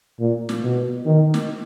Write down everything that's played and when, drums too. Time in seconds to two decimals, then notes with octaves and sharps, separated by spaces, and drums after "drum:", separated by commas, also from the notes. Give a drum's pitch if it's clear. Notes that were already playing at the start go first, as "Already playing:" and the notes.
0.20 A#2
0.49 drum: snare
0.62 B2
1.06 D#3
1.34 drum: snare